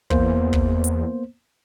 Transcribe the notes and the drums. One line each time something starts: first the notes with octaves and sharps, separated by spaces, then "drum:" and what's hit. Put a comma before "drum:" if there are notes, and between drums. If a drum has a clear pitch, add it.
E2 A#3 B3 C5, drum: kick
drum: kick
drum: hi-hat